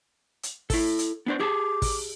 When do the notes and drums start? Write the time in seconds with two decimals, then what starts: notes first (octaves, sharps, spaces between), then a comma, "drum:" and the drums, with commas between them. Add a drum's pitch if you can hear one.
0.43 drum: hi-hat
0.70 E4 A4, drum: kick, open hi-hat
0.99 drum: hi-hat
1.26 B3 D4 C5
1.40 G4 G#4 A5 D6
1.82 drum: kick, open hi-hat